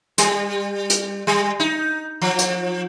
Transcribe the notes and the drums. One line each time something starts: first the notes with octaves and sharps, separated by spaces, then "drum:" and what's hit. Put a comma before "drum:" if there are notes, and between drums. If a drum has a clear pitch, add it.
G3, drum: hi-hat
drum: hi-hat
G3
D#4
F3
drum: hi-hat